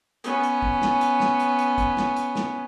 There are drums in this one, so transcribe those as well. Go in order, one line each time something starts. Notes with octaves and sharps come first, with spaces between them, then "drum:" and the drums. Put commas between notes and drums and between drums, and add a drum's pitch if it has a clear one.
B3 C#4, drum: hi-hat
drum: hi-hat
drum: kick A1
drum: snare
drum: hi-hat
drum: snare
drum: hi-hat
drum: hi-hat
drum: kick A1, hi-hat
drum: snare
drum: hi-hat
drum: snare